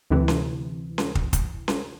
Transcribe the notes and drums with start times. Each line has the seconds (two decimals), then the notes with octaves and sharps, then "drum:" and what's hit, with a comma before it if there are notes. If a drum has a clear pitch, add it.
0.10 D2 C3 E3
0.28 drum: snare C#4
0.98 drum: snare C#4
1.15 drum: kick
1.33 drum: kick, hi-hat
1.68 drum: snare C#4